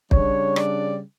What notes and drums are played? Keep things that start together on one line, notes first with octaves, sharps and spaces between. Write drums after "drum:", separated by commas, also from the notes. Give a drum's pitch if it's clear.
C#3 G3 D4 C#5, drum: kick
D5, drum: rim click